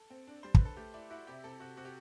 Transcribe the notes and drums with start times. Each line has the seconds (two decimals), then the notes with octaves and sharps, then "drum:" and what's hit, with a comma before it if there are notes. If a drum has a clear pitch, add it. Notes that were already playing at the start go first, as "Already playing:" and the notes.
Already playing: A4
0.10 C4
0.27 D4
0.43 G3 C5
0.54 B4, drum: kick
0.61 D3 A4
0.77 A3 G4
0.94 E4 D5
1.10 E4 F#4
1.27 C3 G4
1.44 C3 A4
1.60 C3 F#4
1.77 C3 F#4
1.85 G4